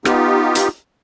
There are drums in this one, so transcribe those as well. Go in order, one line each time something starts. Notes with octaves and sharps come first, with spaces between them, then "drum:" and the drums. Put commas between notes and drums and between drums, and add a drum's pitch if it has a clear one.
B3 D#4 F4 G4, drum: rim click
drum: hi-hat